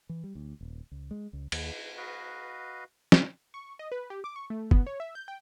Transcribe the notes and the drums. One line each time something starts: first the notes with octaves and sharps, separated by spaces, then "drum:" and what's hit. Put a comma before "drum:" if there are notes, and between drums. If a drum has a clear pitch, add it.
E3
G3
D2
D#1
C#2
G#3
C#2
D#2, drum: cymbal
F#4 B4 D#5 F5
drum: snare
C#6
D#5
B4
G4
D6
C#6
A3
B3, drum: kick
C#5
E5
G6
G5